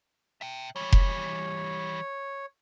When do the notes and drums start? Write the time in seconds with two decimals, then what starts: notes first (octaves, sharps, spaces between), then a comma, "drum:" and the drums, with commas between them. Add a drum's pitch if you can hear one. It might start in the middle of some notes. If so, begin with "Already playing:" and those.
0.41 E5 G5
0.76 E3 G3 C#5
0.92 drum: kick F1